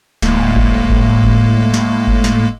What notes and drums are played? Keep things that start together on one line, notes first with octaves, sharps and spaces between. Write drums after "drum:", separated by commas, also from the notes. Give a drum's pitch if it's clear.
D1 A2 G#3 A#3, drum: snare
drum: kick G1
drum: kick G1
drum: kick G1
drum: snare
drum: kick G1
drum: snare